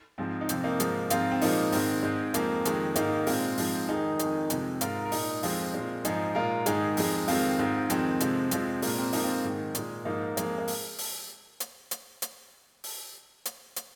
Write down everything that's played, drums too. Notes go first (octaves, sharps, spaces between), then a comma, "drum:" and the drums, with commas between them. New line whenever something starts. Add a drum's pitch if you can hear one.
G#2 F3 G#3 C4
D#4
F2 C3 F3 C4, drum: hi-hat
A#3 D#4
G#2 F3 G#3, drum: hi-hat
G#2 F3 G#3 C4 F4, drum: hi-hat
C4
A#2 F3 G#3 A#3 D#4, drum: open hi-hat
G#2 D#3 G#3 C4, drum: open hi-hat
G#2 G#3
F2 F3 G#3 A#3, drum: hi-hat
F2 D#3 G#3, drum: hi-hat
G#2 D#3 G#3 A#3 D#4, drum: hi-hat
A#2 G#3 C4 F4, drum: open hi-hat
G#2 F3 G#3, drum: open hi-hat
F2 D#3 G#3 D#4 G#4
F2 D#3 G#3, drum: hi-hat
F2 C3 G#3, drum: hi-hat
G#2 G#3 F4 A#4, drum: hi-hat
A#4
A#2 G#3 D#4 G#4, drum: open hi-hat
F2 F3 G#3 C4 F4, drum: open hi-hat
A#2 G#3
G#2 F3 G#3 D#4 G#4, drum: hi-hat
A#2 G#3 F4 A#4
G#2 D#3 G#3 D#4 G#4, drum: hi-hat
F2 F3 G#3, drum: open hi-hat
F2 D#3 G#3 C4 F4, drum: open hi-hat
G#2 G#3
F2 D#3 G#3 C4, drum: hi-hat
F2 C3 F3 G#3, drum: hi-hat
F2 F3 G#3 C4, drum: hi-hat
A#2 G#3 A#3, drum: open hi-hat
C4
F2 F3 G#3 A#3 D#4, drum: open hi-hat
C4 F4
G#2 D#3 G#3
A#2 G#3, drum: hi-hat
G#2 F3 G#3 A#3 D#4
F2 F3 G#3 A#3, drum: hi-hat
A#3
drum: open hi-hat
drum: open hi-hat
drum: hi-hat
drum: hi-hat
drum: hi-hat
drum: open hi-hat
drum: hi-hat
drum: hi-hat